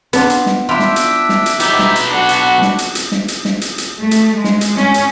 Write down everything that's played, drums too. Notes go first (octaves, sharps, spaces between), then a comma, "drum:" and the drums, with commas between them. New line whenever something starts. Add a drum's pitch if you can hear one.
B3 D4 F4, drum: hi-hat
drum: hi-hat
drum: snare
D4 E4 F4 E5 G5
drum: snare
drum: hi-hat
drum: snare
drum: hi-hat
B1 B3 D#4 G4 E5, drum: hi-hat
drum: snare
drum: hi-hat
D4 F#4 F#5
drum: hi-hat
drum: snare
drum: hi-hat
drum: hi-hat
drum: snare
drum: hi-hat
drum: snare
drum: hi-hat
drum: hi-hat
A3
drum: hi-hat
G#3
drum: snare
drum: hi-hat
C#4, drum: snare
drum: hi-hat